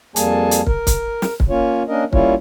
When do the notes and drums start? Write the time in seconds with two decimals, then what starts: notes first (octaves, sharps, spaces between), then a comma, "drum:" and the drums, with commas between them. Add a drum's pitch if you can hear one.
0.16 F2 G3 A#3 G#4 G#5 A5, drum: hi-hat
0.51 drum: hi-hat
0.67 A#4, drum: kick
0.87 drum: kick, hi-hat
1.22 drum: snare
1.40 drum: kick
1.49 A#3 C#4 F4 C#5
1.88 A#3 C#4 D4 A#4 D#5
2.13 G3 A#3 C#4 E4 F4 C#5, drum: kick